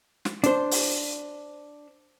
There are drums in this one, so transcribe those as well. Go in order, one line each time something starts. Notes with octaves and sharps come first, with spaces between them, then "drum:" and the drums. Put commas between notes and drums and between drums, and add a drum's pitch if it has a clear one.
drum: snare
D4 C5, drum: hi-hat
drum: open hi-hat